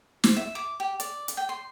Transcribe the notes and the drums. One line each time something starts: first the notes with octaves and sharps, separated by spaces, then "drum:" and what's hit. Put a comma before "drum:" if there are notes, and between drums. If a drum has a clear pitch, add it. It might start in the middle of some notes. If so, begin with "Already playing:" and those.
C5, drum: snare
E5
D6
G4
D5, drum: hi-hat
drum: hi-hat
G5
C6